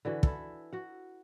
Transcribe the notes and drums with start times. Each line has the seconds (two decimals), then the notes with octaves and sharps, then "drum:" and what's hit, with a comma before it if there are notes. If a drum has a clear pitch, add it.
0.05 D3 E3 F#4 B4
0.23 E4 A4, drum: kick
0.73 F#4 F#5